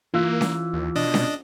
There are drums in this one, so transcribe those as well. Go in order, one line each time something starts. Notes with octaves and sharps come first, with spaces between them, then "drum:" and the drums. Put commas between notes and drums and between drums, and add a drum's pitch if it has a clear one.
E3 A#3 F4
drum: snare C#4
D#2
B2 D4 D#5
drum: snare C#4